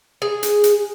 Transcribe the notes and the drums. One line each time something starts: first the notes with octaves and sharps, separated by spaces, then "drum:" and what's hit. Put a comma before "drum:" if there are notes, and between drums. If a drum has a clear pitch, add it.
G#4
drum: hi-hat
drum: hi-hat